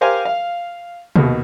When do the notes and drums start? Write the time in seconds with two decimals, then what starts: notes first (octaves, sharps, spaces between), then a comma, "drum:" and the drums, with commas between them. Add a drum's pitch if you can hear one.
0.01 G4 A#4 C5 F5 G#5
0.25 F5
1.16 D#2 B2, drum: tom C3